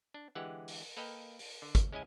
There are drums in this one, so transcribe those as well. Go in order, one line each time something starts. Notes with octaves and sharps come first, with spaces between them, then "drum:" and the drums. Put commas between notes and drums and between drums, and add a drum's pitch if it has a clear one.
D4
D3 E3 G#3 G4 F#5
drum: open hi-hat
A#3 A4 B4 D#5 F5 G5
drum: open hi-hat
D3
drum: kick, hi-hat
G#3 C#4 E4 D#5 G#5